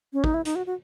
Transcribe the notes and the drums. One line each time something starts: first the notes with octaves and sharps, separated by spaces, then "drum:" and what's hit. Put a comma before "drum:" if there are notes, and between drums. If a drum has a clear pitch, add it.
C#4
D#4, drum: kick
E4
D#4, drum: hi-hat
F#4
F#4